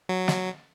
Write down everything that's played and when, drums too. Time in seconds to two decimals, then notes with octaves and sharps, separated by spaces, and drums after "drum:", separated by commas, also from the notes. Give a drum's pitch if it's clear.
0.09 F#3
0.28 drum: snare